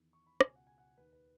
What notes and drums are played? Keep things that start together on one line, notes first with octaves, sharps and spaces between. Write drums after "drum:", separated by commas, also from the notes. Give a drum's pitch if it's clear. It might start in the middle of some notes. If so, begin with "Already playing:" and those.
Already playing: E2 D#3
C#6
B5
C#2 B2 G#5, drum: rim click
F#5
G#5
F#5
D#2 D#3 B4
B4